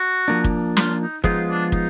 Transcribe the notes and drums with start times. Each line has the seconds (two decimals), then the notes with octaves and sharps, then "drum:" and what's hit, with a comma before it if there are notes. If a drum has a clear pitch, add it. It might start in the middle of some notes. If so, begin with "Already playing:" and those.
Already playing: F#4
0.28 F3 A#3 D4
0.44 drum: kick
0.77 F4, drum: snare
1.01 D#4
1.24 F3 G#3 B3 D#4 F4 G#4, drum: kick
1.48 D4
1.72 D#4, drum: kick